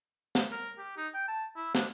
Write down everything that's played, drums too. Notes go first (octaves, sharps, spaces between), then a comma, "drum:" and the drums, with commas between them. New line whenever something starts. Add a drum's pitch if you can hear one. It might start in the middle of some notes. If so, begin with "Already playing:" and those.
drum: snare
A#4
G4
D#4
G5
A5
E4
D4, drum: snare